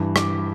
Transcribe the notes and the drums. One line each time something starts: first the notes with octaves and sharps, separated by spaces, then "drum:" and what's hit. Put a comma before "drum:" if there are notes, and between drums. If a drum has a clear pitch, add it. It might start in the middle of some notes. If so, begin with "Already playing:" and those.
Already playing: G2 E3
D6, drum: rim click